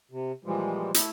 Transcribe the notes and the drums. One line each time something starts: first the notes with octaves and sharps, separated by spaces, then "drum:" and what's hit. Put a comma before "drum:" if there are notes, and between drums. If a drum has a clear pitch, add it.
C3
A#2 E3 F3 G3 G#3
A3 E4, drum: hi-hat